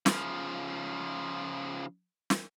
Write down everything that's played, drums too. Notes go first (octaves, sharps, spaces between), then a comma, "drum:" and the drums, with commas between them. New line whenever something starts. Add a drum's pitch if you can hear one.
C#3 F3, drum: snare
drum: snare